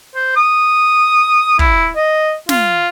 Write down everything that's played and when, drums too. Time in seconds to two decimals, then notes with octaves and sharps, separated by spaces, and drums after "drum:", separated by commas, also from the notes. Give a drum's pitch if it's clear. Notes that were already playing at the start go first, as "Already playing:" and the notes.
0.15 C5
0.36 D#6
1.59 E4, drum: kick
1.96 D#5
2.49 F4, drum: snare